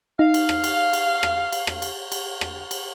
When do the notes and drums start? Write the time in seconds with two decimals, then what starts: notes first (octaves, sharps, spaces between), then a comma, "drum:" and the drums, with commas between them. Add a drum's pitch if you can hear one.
0.19 D#4 F5
0.34 drum: cymbal
0.49 drum: rim click
0.64 drum: cymbal
0.93 drum: cymbal
1.23 drum: rim click
1.52 drum: cymbal
1.67 drum: rim click
1.82 drum: cymbal
2.12 drum: cymbal
2.41 drum: rim click
2.71 drum: cymbal